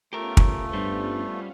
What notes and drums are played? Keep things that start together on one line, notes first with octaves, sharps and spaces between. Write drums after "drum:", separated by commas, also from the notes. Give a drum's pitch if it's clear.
A3 B3 C#4 F4 G4 A#4
drum: kick
G2 G3 C5